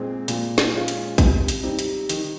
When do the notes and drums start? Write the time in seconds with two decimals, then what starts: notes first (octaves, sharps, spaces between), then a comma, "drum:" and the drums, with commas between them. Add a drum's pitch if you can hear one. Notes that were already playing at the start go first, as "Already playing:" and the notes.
Already playing: A#2 G#3 C4
0.28 A#2, drum: hi-hat
0.58 drum: snare
0.73 G#3 C#4 F4
0.88 drum: hi-hat
1.18 C3, drum: kick, hi-hat
1.48 drum: hi-hat
1.63 G3 C4 D#4
1.79 drum: hi-hat
2.09 D#3, drum: hi-hat